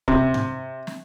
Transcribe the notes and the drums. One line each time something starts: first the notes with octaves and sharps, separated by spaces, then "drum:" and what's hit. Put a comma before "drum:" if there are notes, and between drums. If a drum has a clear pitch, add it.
C3, drum: kick
drum: tom G#2
drum: snare